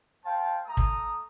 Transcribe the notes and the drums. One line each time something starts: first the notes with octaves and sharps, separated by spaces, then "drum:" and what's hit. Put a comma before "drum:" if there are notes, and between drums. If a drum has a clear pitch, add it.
C5 F5 G5 A5
A3 A#5 D#6
drum: kick